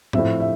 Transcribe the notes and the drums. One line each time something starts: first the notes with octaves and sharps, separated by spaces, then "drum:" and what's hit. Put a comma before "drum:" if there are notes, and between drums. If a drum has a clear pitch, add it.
A2 F3 C4 E5, drum: tom G#2
E5